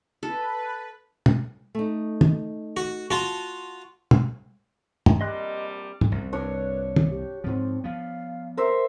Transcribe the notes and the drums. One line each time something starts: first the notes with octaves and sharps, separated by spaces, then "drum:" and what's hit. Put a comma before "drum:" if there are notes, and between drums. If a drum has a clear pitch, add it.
A4 B4
drum: tom
A3 D#4
drum: tom
F#4
F4 F#4 A5
drum: tom
drum: tom
A#1 C3 G3 D#5 C6 F#6
drum: tom
C2 F#2
C2 G2 D4 B4 C#5
drum: tom
G4
G#2 F3 C4
F3 B3 F5
A#4 C5 E5